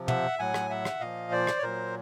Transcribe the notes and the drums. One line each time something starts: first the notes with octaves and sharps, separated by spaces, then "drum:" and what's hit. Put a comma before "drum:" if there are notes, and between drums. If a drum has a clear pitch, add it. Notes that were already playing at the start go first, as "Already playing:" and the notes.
Already playing: C3 F3
E5 F#5, drum: tom
A2 F#3 F#5 G#5
drum: rim click
E5 F#5
drum: rim click
A#2 F3 D#5 F5
C5 D5
drum: rim click
C#5
A#2 F#3 A#4 C5